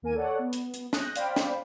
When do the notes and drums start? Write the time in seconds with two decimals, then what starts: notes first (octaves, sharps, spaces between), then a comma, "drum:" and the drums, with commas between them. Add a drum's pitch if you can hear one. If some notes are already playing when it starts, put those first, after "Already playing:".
0.02 D#2 A#3 A#4 G#5 D#7
0.14 A4 C#5 D5 F#5
0.39 B3
0.53 drum: hi-hat
0.74 drum: hi-hat
0.93 D#6 F#6 G6 A#6, drum: snare
1.16 C5 D5 F5 G5 B5, drum: hi-hat
1.36 drum: snare